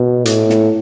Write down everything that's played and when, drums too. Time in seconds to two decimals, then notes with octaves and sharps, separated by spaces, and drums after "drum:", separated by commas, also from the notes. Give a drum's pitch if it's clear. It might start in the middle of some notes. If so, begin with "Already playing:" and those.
Already playing: B2
0.25 A2, drum: hi-hat
0.50 drum: snare